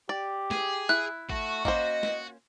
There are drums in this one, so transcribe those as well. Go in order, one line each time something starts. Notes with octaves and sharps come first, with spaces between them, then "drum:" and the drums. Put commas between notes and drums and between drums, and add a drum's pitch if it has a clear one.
G4 D5
G#4, drum: snare
E4 F#6
A3 F#4, drum: kick
A#3 C#4 C5 D#5, drum: kick
drum: snare